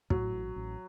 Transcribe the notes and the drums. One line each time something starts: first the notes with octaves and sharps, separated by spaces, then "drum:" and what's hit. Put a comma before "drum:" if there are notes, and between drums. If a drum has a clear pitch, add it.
A2 F#3, drum: kick
A1
A1